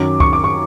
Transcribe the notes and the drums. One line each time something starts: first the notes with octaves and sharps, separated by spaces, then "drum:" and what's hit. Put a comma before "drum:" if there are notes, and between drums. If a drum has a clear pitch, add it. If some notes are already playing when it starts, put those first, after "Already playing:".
Already playing: F#2 D#3 F#3 D6
C#6, drum: kick C#2
D6
C#6